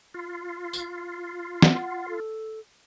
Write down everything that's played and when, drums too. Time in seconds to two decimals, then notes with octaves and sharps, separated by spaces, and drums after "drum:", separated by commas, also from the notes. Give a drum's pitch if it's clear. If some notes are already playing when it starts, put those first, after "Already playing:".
0.14 F4
0.73 drum: tambourine
1.62 F#5, drum: snare
2.09 A4